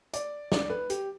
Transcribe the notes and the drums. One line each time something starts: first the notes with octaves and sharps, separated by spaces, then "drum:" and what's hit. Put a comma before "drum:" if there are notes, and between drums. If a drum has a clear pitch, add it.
D5, drum: hi-hat
D5, drum: snare
B4
G4, drum: hi-hat